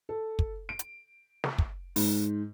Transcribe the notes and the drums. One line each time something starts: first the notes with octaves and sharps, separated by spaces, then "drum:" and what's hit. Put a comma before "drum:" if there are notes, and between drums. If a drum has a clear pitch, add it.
A4
drum: kick
D7
drum: hi-hat
drum: snare
drum: kick
G#2, drum: open hi-hat